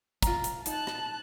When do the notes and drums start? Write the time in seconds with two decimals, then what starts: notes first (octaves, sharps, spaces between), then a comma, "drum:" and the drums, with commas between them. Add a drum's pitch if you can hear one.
0.22 F4 A#5, drum: kick, hi-hat
0.44 drum: hi-hat
0.66 D#4 A5 F#6, drum: hi-hat
0.87 drum: rim click